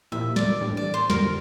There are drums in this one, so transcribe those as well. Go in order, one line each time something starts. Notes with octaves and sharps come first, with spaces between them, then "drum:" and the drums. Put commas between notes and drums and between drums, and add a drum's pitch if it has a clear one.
A#2 F3 A#3 E4 G4 E5
D5, drum: snare
A2 E3 G3 D4
D5
C5
F2 D3 G3 A#4, drum: snare